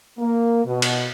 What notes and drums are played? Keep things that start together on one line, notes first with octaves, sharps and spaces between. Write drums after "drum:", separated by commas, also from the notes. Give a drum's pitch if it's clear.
A#3
B2
drum: cymbal